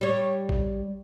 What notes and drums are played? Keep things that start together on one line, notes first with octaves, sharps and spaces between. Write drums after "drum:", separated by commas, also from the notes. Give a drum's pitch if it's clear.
G3 C#5
drum: kick A1